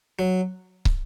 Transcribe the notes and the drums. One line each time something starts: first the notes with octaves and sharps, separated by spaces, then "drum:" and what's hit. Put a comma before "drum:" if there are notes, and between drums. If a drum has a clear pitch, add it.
F#3
drum: kick